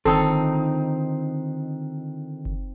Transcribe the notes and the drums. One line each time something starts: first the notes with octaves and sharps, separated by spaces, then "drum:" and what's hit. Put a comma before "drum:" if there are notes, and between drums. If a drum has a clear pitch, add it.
D3 D#3 C4 D#4 F4 A4, drum: kick F#1
drum: kick F#1